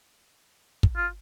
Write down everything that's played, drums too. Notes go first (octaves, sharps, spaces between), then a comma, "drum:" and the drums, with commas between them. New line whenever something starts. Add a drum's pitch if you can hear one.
drum: kick
F4